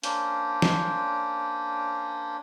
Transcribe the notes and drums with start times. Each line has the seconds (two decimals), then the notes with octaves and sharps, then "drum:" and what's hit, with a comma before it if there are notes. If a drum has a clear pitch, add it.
0.03 A#3 C#4 D4 C5, drum: hi-hat
0.62 drum: snare